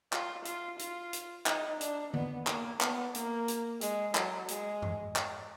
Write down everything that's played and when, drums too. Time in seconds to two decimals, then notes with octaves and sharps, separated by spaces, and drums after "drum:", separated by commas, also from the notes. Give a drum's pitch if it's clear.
0.13 F4, drum: clap
0.45 F4, drum: hi-hat
0.79 F4, drum: hi-hat
1.13 drum: hi-hat
1.46 D#4, drum: clap
1.81 D4, drum: hi-hat
2.14 B3, drum: tom D3
2.47 A#3, drum: clap
2.81 B3, drum: clap
3.15 A#3, drum: hi-hat
3.48 drum: hi-hat
3.81 G#3, drum: hi-hat
4.15 F#3, drum: clap
4.48 G#3, drum: hi-hat
4.82 drum: tom G2
5.16 drum: clap